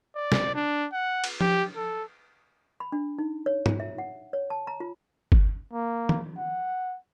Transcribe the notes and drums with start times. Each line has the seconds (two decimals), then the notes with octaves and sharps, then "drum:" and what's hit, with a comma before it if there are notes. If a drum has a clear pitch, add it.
0.16 D5
0.32 drum: snare
0.55 D4
0.93 F#5
1.24 drum: cymbal
1.41 G4, drum: tom F3
1.76 A4
2.80 B5
2.92 D4
3.19 D#4
3.46 C#5
3.66 G#5, drum: tom G#2
3.80 E5
3.98 F#5
4.33 C#5
4.50 A5
4.67 A#5
4.80 F4
5.32 drum: kick G1
5.73 A#3
6.09 drum: tom
6.38 F#5